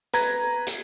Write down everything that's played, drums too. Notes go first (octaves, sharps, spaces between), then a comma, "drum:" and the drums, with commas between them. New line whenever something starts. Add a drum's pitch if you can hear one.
B4 A#5 G#6, drum: hi-hat
drum: hi-hat